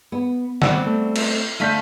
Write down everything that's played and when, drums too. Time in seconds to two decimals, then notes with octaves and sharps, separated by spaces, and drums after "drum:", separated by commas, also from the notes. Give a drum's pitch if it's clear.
0.12 B3
0.62 G3 C4 D5 F#5 E6, drum: snare
0.86 A3
1.16 drum: cymbal
1.60 D3 A3 F5 G6 B6 D#7